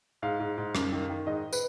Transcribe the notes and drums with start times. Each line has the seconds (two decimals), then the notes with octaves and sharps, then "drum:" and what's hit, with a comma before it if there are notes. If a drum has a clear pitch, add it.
0.22 G#2 F5
0.40 G#2
0.58 G#2
0.75 F#2, drum: rim click
0.92 D#3
1.09 D#3
1.27 G#2 D#5
1.53 B4, drum: tambourine